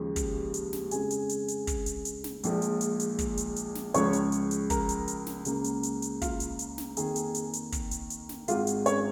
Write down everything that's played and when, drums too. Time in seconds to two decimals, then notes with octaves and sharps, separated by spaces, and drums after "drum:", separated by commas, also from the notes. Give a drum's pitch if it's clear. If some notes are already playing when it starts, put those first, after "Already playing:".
Already playing: D#2 C#3 F3 G#3
0.16 drum: kick, hi-hat
0.54 drum: hi-hat
0.73 drum: snare
0.91 F2 C#3 G#3 G#4 G#5, drum: hi-hat
1.11 drum: hi-hat
1.29 drum: hi-hat
1.48 drum: hi-hat
1.67 drum: kick, hi-hat
1.86 drum: hi-hat
2.05 drum: hi-hat
2.24 drum: snare
2.43 A#1 A#2 F3 G#3, drum: hi-hat
2.62 drum: hi-hat
2.81 drum: hi-hat
3.00 drum: hi-hat
3.19 drum: kick, hi-hat
3.37 drum: hi-hat
3.56 drum: hi-hat
3.75 drum: snare
3.94 C#2 C#3 F3 G#3 C#5 C#6, drum: hi-hat
4.13 drum: hi-hat
4.32 drum: hi-hat
4.51 drum: hi-hat
4.70 A#4 A#5, drum: kick, hi-hat
4.89 drum: hi-hat
5.08 drum: hi-hat
5.27 drum: snare
5.45 C#2 C#3 A#3, drum: hi-hat
5.64 drum: hi-hat
5.83 drum: hi-hat
6.02 drum: hi-hat
6.22 F4 F5, drum: kick, hi-hat
6.40 drum: hi-hat
6.59 drum: hi-hat
6.78 drum: snare
6.97 F2 D#3 A#3 G#4 G#5, drum: hi-hat
7.16 drum: hi-hat
7.35 drum: hi-hat
7.53 drum: hi-hat
7.72 drum: kick, hi-hat
7.91 drum: hi-hat
8.10 drum: hi-hat
8.29 drum: snare
8.48 G#1 G#2 G#3 F4 F5, drum: hi-hat
8.67 drum: hi-hat
8.86 C#4 C#5, drum: hi-hat